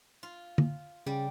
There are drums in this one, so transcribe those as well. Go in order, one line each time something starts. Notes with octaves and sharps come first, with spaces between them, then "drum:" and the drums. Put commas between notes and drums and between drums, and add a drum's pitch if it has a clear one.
F4
drum: tom D3
C#3 G3 D5